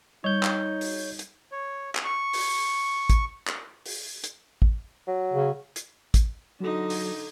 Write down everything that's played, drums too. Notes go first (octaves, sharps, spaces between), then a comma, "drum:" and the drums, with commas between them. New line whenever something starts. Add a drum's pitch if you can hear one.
G3 D#4 C#5 G6
drum: clap
drum: open hi-hat
drum: hi-hat
C#5
drum: clap
C#6
drum: open hi-hat
drum: kick, hi-hat
drum: clap
drum: open hi-hat
drum: hi-hat
drum: kick
F#3
C#3
drum: hi-hat
drum: kick, hi-hat
D3 F#3 D#4
drum: open hi-hat